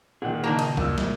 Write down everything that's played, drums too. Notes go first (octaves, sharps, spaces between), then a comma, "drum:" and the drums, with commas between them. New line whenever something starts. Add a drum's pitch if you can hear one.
A#2 D#3 G#4 F#5
C#3 A#3 D4 D#4 F#4
D#5, drum: cymbal
A#2 E6, drum: kick
drum: snare